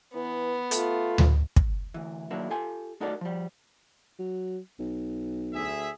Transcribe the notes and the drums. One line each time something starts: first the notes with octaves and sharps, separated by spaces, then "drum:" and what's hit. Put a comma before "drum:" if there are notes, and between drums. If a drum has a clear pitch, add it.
E3 B3
A3 F4, drum: hi-hat
drum: tom D2
drum: kick
D2 E3
D#3 F#3 A#3 D4 E4
F4 G4 A4 G#5
A3 D#4 F#4 A4 A#4 D5
F3 G3
F#3
B1
D2 G#4 E5